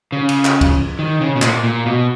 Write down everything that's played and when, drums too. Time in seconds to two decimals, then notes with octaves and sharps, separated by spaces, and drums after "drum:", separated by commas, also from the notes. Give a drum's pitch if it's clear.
0.12 C#3
0.29 drum: cymbal
0.45 drum: clap
0.61 drum: kick C#2, cymbal
0.99 D#3
1.21 C#3
1.36 B2
1.42 A#2, drum: clap
1.64 A#2
1.86 B2